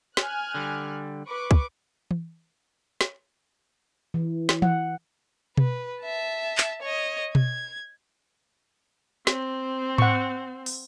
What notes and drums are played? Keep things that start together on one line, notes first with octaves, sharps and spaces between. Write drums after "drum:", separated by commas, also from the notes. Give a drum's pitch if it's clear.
G#5 F6 F#6, drum: snare
D3 G3
B4 C#6 D6
drum: kick
drum: tom E3
drum: snare
E3
drum: snare
F#5, drum: tom E3
B4, drum: tom B2
E5 A5
drum: clap
C#5 D#5
G#6, drum: tom B2
C4, drum: snare
F#5 C#6, drum: tom G#2
drum: open hi-hat